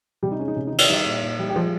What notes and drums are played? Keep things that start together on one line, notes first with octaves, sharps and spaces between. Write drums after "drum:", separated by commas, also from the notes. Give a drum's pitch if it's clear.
C3 G3 G4
D#4
G#3 C#4
D#4
C3 C#4
D#4
D#3
D#4, drum: cymbal
G3 D#4
A#2
A#2
G3
G4
F3 G#3 F4